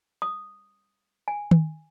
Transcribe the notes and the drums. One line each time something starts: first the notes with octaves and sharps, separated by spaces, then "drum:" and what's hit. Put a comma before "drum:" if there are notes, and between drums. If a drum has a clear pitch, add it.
D#6
G#5
drum: tom D#3